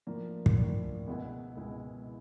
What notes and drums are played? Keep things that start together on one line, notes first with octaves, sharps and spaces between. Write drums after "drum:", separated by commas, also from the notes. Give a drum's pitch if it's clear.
A2 F3 A#3 D4
drum: kick
A2 F3 A#3 D4
C#2 B2 G#3 B3 E4
C#2 B2 G#3 B3 E4